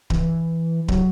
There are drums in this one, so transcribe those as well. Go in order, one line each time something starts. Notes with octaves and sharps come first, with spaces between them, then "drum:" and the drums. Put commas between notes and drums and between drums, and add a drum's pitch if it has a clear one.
E3, drum: kick D1
F#3, drum: kick D1